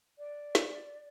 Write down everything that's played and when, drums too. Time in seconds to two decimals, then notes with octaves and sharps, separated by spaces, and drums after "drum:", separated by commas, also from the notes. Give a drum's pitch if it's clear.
0.18 D5
0.55 drum: snare